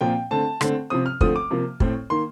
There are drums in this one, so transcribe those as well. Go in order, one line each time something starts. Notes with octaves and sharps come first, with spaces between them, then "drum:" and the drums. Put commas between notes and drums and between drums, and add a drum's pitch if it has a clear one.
A#2 F3 C4 G5
D3 A3 C4 A5
D3 A3 C4, drum: rim click
C3 F3 C4 D#6
F6
D3 F3 A3 C4 D#6, drum: kick
D6
C3 F3 A#3
A2 A3 C4, drum: kick
D#3 A#3 C6